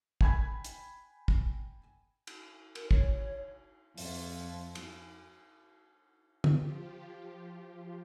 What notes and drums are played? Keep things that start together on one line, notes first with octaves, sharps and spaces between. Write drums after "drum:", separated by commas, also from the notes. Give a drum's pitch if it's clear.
G5 G#5 B5 G#6, drum: kick
drum: hi-hat
drum: kick
drum: cymbal
A#4, drum: cymbal
C#5, drum: kick
F2, drum: open hi-hat
drum: cymbal
F3 F4 G4, drum: tom